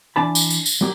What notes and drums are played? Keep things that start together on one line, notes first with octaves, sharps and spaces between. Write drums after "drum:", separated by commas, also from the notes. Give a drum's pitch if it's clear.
E3 D4 A5 B5
drum: tambourine
drum: tambourine
drum: tambourine
F#3 A#3 G4